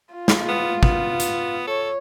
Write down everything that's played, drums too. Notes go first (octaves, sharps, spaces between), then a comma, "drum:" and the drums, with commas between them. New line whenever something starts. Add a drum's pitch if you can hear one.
F4
drum: snare
B3
B3, drum: kick
drum: hi-hat
A4 C#5